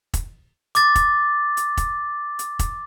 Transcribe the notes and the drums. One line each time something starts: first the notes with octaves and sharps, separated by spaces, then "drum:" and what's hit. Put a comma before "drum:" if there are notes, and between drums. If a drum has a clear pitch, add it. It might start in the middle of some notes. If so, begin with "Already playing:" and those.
drum: kick, hi-hat
D6 A6, drum: hi-hat
drum: kick, hi-hat
drum: hi-hat
drum: kick, hi-hat
drum: hi-hat
drum: kick, hi-hat